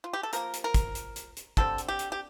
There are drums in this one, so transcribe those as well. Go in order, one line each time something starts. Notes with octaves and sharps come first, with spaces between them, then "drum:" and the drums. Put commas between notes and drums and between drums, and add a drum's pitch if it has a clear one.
F4
G4
A4
F3 A#3 A#4, drum: hi-hat
drum: hi-hat
A#4
drum: kick, hi-hat
drum: hi-hat
drum: hi-hat
drum: hi-hat
D3 G3 C4 A4, drum: kick
drum: hi-hat
G4
drum: hi-hat
G4